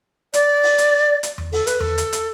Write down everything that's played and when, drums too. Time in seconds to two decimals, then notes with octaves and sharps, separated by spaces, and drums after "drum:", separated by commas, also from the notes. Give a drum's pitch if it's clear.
0.34 D5, drum: hi-hat
0.63 drum: open hi-hat
0.78 drum: hi-hat
1.23 drum: hi-hat
1.38 drum: tom E2
1.53 A4, drum: open hi-hat
1.67 B4, drum: hi-hat
1.80 A4, drum: tom E2
1.98 drum: hi-hat
2.13 drum: hi-hat